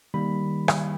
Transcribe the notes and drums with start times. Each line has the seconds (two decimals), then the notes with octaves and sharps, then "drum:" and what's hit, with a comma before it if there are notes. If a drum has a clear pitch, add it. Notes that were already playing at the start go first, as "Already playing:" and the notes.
0.14 D#3 G3 A#3 B5
0.68 drum: rim click